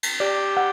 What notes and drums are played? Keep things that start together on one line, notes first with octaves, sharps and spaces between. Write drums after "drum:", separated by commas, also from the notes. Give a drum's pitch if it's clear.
drum: cymbal
G4 D5
F#5